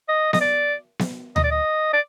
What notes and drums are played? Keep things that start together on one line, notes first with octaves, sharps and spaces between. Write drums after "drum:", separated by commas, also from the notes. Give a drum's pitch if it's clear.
D#5
D#5, drum: snare B3
D5
drum: snare B3
D#5, drum: tom D2
D5
D#5
D5